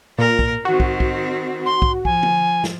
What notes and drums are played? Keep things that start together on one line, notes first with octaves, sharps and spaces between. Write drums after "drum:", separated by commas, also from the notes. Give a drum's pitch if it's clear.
A#2 A#4
drum: kick
D#3 C4 F#4
drum: kick
drum: kick
C6
drum: kick
F3 G#5, drum: kick
drum: tom
drum: snare